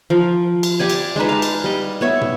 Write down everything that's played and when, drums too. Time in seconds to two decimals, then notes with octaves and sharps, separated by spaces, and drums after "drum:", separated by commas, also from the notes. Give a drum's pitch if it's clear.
0.10 F3 A#4
0.63 drum: cymbal
0.79 G4 D5 G#5
0.90 drum: cymbal
1.16 G#3 D4 D#4 B4
1.29 F5 A5
1.42 drum: cymbal
1.64 G3 D#5
2.01 B3 C#5 E5
2.21 drum: tom